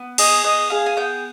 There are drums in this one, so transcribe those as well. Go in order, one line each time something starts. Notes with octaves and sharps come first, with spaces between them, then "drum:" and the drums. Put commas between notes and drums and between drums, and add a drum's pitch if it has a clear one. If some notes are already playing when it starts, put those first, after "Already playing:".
Already playing: B3
G#4 D#5, drum: cymbal
B3 D#5
G#4 F5
G#5
B3 G5